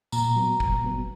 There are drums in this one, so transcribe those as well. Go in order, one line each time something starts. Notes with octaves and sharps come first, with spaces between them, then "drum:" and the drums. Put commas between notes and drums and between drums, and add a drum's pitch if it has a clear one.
A#2 A#5, drum: tambourine
F#3 B3
A#2, drum: kick G1
F#3 B3